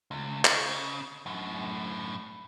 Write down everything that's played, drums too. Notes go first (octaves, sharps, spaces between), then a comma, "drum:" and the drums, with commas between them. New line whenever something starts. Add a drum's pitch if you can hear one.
C#2
C#3, drum: clap
F#2 A2